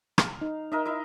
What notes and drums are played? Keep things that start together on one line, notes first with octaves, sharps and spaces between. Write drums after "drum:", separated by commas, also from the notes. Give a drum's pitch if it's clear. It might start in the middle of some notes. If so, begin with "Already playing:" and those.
F5, drum: rim click
D#4
D#4 A#4 D#5 E5
E4 D#5 E5